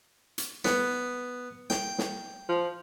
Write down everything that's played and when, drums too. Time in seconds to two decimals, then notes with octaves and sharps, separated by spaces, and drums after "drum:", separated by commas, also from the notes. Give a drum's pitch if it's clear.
0.38 drum: hi-hat
0.65 B3, drum: snare
1.70 G5, drum: snare
1.98 drum: snare
2.49 F3